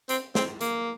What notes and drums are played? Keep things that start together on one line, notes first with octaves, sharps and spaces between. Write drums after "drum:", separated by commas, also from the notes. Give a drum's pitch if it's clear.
C4, drum: hi-hat
C4, drum: snare
A#3, drum: hi-hat